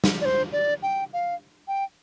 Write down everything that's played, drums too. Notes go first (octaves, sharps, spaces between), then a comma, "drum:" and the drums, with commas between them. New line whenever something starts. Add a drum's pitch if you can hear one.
drum: snare
D5
C5
D5
G5
F5
G5